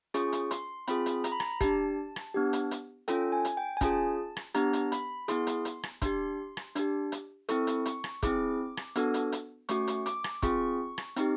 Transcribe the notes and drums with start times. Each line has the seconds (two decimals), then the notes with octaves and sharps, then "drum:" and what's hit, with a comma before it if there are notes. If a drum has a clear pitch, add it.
0.14 C#4 F4 G#4 C#6, drum: hi-hat
0.33 drum: hi-hat
0.51 C6, drum: hi-hat
0.88 C4 F4 G#4 B5, drum: hi-hat
1.06 drum: hi-hat
1.24 A#5, drum: hi-hat
1.32 B5
1.40 A#5, drum: rim click
1.61 D4 G4 A5, drum: kick, hi-hat
2.16 drum: rim click
2.34 B3 D4 G4
2.53 drum: hi-hat
2.71 drum: hi-hat
3.08 C#4 F4 A4 G5, drum: hi-hat
3.32 G#5
3.45 drum: hi-hat
3.57 G5
3.77 G#5
3.81 C#4 F4 G#4 A5, drum: kick, hi-hat
4.37 drum: rim click
4.54 B3 D4 G4 A#5, drum: hi-hat
4.73 drum: hi-hat
4.92 B5, drum: hi-hat
5.28 B3 E4 G#4 C6, drum: hi-hat
5.47 drum: hi-hat
5.65 drum: hi-hat
5.83 drum: rim click
6.02 D4 G4 C6, drum: kick, hi-hat
6.57 drum: rim click
6.76 D4 G4, drum: hi-hat
7.12 drum: hi-hat
7.49 C4 E4 A4 C#6, drum: hi-hat
7.67 drum: hi-hat
7.86 C#6, drum: hi-hat
8.04 drum: rim click
8.23 C4 E4 G#4 D6, drum: kick, hi-hat
8.77 drum: rim click
8.95 B3 D4 F#4 A4, drum: hi-hat
9.14 drum: hi-hat
9.32 drum: hi-hat
9.69 A3 C#4 F#4 C#6, drum: hi-hat
9.87 drum: hi-hat
10.06 D6, drum: hi-hat
10.24 drum: rim click
10.42 C4 F4 G#4 C#6, drum: kick, hi-hat
10.98 drum: rim click
11.16 C4 D#4 G4, drum: hi-hat